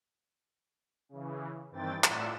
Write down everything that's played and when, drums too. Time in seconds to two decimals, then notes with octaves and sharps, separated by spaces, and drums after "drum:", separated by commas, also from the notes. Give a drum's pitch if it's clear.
1.09 C#3 E3
1.71 G2 D#3 E3 C4 G5 A6
2.04 A2 F4 D5 E5 F#5 E7, drum: clap